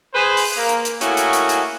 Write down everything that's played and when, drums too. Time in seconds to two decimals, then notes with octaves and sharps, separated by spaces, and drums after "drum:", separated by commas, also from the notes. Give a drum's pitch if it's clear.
0.14 G#4 B4 C5
0.37 drum: open hi-hat
0.57 A#3
0.69 drum: hi-hat
0.85 drum: hi-hat
1.01 A3 A#3 C#4 E4 F#4 G#4, drum: hi-hat
1.17 drum: hi-hat
1.33 drum: hi-hat
1.49 drum: hi-hat